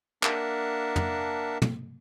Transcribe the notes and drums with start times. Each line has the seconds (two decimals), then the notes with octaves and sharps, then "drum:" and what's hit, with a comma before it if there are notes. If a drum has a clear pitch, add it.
0.23 A#3 D4 A#4 E5 F#5 A5, drum: clap
0.96 drum: tom
1.62 drum: tom